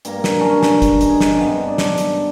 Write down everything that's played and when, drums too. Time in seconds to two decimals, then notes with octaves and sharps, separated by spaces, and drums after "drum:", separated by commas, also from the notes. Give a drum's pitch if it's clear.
0.05 G2 A#3 A#4, drum: hi-hat
0.24 drum: snare
0.39 G2 C#4 A#4 A5
0.63 drum: snare
0.82 drum: kick, hi-hat
1.01 D#4 G#4, drum: hi-hat
1.20 drum: snare
1.37 G2 C3 B3
1.64 D4 D5
1.78 drum: snare
1.98 drum: hi-hat